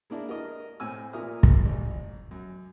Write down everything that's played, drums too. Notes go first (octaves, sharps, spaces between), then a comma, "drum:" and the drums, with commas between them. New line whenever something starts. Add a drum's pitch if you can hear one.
G#3 A#3 D4 E4
A#4 D#5
A2 C4 G#5 E6
A#2 A#4 E5 D#6
drum: kick
A1
F#2